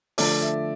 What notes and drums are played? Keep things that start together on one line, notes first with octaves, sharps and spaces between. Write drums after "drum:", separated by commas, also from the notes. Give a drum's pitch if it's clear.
D3 F3 A3 D5, drum: open hi-hat
E5